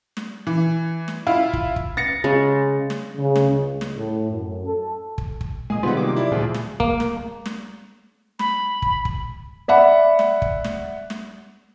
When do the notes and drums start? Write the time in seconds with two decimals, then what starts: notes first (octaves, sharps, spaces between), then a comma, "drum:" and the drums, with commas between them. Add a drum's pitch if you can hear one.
0.17 drum: snare
0.47 E3
1.08 drum: snare
1.27 E4 F4 F5
1.53 drum: kick
1.76 drum: kick
1.97 A6 A#6 C#7
2.24 C#3 G#3
2.90 drum: snare
3.17 C#3
3.36 drum: snare
3.51 C#2
3.81 drum: snare
3.97 A2
4.31 F#2
4.66 A4
5.18 drum: kick
5.41 drum: kick
5.70 A#2 G#3 G#5 D#6
5.83 C3 D#3 G3 B3 C4 F4 G#4 B4
5.97 F#3 A#3 D6
6.17 E4 D5
6.32 D2 A#2 F3 G#4
6.55 drum: snare
6.80 A#3, drum: kick
7.00 drum: snare
7.46 drum: snare
8.39 B5, drum: snare
8.82 drum: kick
9.05 drum: kick
9.68 D5 E5 F#5 B5
10.19 drum: snare
10.42 drum: kick
10.65 drum: snare
11.10 drum: snare